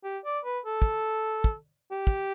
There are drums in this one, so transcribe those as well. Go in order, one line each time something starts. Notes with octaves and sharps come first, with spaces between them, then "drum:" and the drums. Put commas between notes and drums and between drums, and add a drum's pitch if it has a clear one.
G4
D5
B4
A4
drum: kick
drum: kick
G4
drum: kick